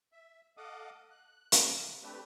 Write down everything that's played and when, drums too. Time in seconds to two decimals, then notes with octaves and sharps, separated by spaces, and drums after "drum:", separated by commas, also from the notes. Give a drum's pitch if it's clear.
0.12 E5
0.57 A4 D#5 F5 F#5 D6 D#6
1.10 F#6
1.52 drum: hi-hat
2.02 A3 C4 D4 G4 B4